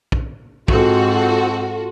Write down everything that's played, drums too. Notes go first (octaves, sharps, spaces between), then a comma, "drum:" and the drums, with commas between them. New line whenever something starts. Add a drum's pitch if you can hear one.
drum: kick
G#2 C4 F4 F#4 A4, drum: kick